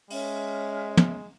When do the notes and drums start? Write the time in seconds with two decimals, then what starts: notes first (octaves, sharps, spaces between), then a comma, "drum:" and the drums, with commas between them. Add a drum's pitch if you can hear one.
0.10 G#3 C#4 E5 F6, drum: open hi-hat
0.97 drum: tom